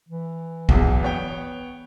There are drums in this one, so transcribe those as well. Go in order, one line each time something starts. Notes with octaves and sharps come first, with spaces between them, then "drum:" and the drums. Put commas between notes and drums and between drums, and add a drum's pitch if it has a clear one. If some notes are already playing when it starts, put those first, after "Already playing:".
E3
B1 E2, drum: kick
B3 C#5 G5